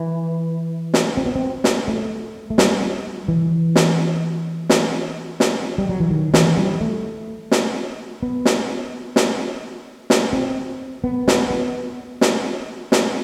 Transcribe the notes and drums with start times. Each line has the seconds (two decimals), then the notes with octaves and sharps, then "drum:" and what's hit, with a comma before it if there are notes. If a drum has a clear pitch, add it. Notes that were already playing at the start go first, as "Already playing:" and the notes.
Already playing: E3
0.94 drum: snare
1.17 C4
1.26 B3
1.36 C4
1.64 drum: snare
1.88 A3
2.50 A3
2.58 G3, drum: snare
3.28 E3
3.76 drum: snare
4.70 drum: snare
5.40 drum: snare
5.78 G3
5.89 F#3
6.00 E3
6.11 D#3
6.34 E3, drum: snare
6.57 G3
6.81 A3
7.51 drum: snare
8.23 B3
8.45 drum: snare
9.16 drum: snare
10.10 drum: snare
10.33 C4
11.04 B3
11.28 B3, drum: snare
11.51 B3
12.21 drum: snare
12.92 drum: snare